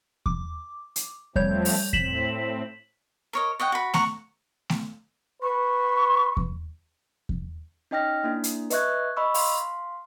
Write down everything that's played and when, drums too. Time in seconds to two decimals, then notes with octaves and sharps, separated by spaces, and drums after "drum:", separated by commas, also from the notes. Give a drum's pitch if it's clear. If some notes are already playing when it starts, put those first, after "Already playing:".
0.26 D6, drum: kick E2
0.96 drum: hi-hat
1.36 F3 G3 A3 C4 C#5 G6, drum: kick E2
1.65 drum: open hi-hat
1.93 A2 C4 B6 E7 F#7, drum: kick E2
3.33 A#4 C#5 D#5
3.60 C#5 D#5 F#5 G5
3.72 F#4 B5
3.94 F#5 A#5 C#6, drum: snare A3
4.70 drum: snare A3
5.42 B4 C#6
6.37 drum: kick E2
7.29 drum: kick E2
7.91 C#4 D#4 D#5 G5 F6 A#6
8.24 A#3 D4 E4
8.44 drum: hi-hat
8.70 B4 D#5 E5 C#6 F#6 G#6, drum: hi-hat
9.17 D#5 B5 C#6 E6
9.34 F5 C6, drum: open hi-hat